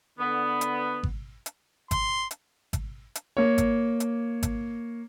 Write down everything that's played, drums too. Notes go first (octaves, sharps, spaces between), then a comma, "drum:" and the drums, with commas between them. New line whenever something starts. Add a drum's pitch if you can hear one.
D3 B3
drum: hi-hat
drum: kick G#1
drum: hi-hat
C6, drum: kick G#1, hi-hat
drum: hi-hat
drum: kick G#1, hi-hat
drum: hi-hat
A#3 C#5
drum: kick G#1, hi-hat
drum: hi-hat
drum: kick G#1, hi-hat